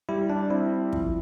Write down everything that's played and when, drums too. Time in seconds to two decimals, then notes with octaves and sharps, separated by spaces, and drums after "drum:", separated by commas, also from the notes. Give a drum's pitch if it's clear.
0.09 G3 E4
0.30 D4
0.50 C4 E4
0.93 F3, drum: kick